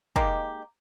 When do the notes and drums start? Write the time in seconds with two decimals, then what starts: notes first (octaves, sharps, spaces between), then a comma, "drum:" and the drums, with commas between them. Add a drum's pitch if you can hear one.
0.16 G#3 A#3 D#4 G4, drum: kick